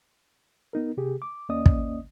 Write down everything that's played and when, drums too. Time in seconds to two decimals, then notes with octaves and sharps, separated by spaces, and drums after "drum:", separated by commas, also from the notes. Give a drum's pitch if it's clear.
0.73 B3 D#4 A#4
0.97 C3 G4 G#4
1.22 D6
1.49 D#2 A#3 C#4 D5 D#5 D#6
1.66 drum: kick